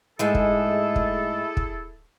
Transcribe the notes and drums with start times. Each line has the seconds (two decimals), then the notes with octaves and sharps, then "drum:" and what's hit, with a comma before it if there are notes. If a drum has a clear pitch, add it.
0.19 G#2 G#3 A3 E4 G#4 A4
0.35 drum: kick
0.96 drum: kick
1.57 drum: kick